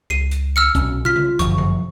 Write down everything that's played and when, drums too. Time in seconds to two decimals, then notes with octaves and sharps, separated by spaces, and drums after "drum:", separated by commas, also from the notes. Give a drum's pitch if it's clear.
0.10 C#2 C7 D#7, drum: rim click
0.31 drum: hi-hat
0.56 E6 F6 C#7
0.75 B1 B2 C#4, drum: kick, hi-hat
1.05 C#3 F4 F6 B6
1.16 drum: tom C#3
1.39 G1 F#2 F3 C#6, drum: kick, hi-hat
1.58 drum: tom C3